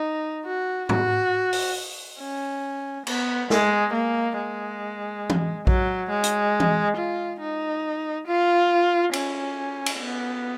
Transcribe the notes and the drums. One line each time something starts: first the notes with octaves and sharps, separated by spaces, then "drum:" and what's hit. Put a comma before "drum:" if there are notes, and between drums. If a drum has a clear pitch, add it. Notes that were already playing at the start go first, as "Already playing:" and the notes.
Already playing: D#4
F#4
F#4, drum: tom G#2
drum: open hi-hat
C#4
B3, drum: cymbal
G#3, drum: snare
A#3
G#3
drum: tom E3
F#3, drum: kick A#1
G#3
drum: hi-hat
drum: tom E3
F4
D#4
F4
C#4, drum: cymbal
drum: cymbal
B3